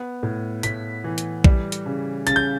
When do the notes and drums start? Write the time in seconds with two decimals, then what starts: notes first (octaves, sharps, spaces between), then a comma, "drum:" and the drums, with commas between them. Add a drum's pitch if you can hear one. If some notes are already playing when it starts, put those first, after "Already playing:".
Already playing: B3
0.23 A2
0.63 A2 B6, drum: hi-hat
1.04 E3
1.18 drum: hi-hat
1.44 G3, drum: kick A#1
1.72 drum: hi-hat
1.86 C#3
2.27 C#3 A6, drum: hi-hat
2.36 G6